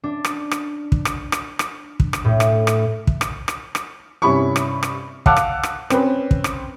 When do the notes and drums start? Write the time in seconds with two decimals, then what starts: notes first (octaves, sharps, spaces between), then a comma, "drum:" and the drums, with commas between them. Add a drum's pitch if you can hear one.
0.03 D4
0.24 drum: rim click
0.51 drum: rim click
0.92 drum: kick
1.05 drum: rim click
1.32 drum: rim click
1.59 drum: rim click
2.00 drum: kick
2.13 drum: rim click
2.25 A2
2.40 drum: rim click
2.67 drum: rim click
3.07 drum: kick
3.21 drum: rim click
3.48 drum: rim click
3.75 drum: rim click
4.22 G2 C3 C#4 E4 B5 C#6
4.56 drum: rim click
4.83 drum: rim click
5.26 F5 F#5 A5 D6 E6 F#6, drum: kick
5.36 drum: rim click
5.63 drum: rim click
5.90 C4 C#4 B4, drum: rim click
6.31 drum: kick
6.44 drum: rim click